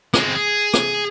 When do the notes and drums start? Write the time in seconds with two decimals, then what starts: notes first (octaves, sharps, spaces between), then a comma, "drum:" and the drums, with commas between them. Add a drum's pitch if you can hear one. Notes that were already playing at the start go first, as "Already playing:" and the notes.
0.14 G#3 C4, drum: rim click
0.35 G#4
0.74 drum: rim click